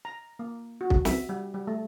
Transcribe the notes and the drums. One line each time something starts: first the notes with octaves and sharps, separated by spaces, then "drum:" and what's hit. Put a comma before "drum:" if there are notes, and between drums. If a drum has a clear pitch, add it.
A#5
A#3
F#4
drum: kick
E5, drum: snare
G3
G3
A3